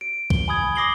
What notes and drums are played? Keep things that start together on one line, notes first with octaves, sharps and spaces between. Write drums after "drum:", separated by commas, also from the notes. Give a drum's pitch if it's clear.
D7
G7, drum: kick C2
G#5 B5 D#6 G#6
D6 D#6 A#6 C7 F#7 G7